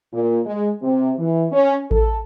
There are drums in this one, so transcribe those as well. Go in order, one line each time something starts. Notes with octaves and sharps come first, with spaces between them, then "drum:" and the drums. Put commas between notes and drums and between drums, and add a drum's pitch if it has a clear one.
A#2
G#3
C3
E3
C#4
A4, drum: kick A1